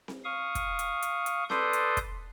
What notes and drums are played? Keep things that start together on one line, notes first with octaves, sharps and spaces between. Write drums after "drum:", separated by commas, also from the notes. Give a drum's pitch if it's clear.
drum: snare C4
F5 C#6 D#6
drum: kick, hi-hat
drum: hi-hat
drum: hi-hat
drum: hi-hat
A4 B4 D5 C6 D#6 G6, drum: snare C4
drum: hi-hat
drum: kick, hi-hat